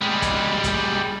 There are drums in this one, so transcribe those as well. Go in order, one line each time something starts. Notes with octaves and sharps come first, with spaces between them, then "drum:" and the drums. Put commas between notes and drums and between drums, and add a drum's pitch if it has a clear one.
G3 G#3
drum: kick, hi-hat
drum: kick, hi-hat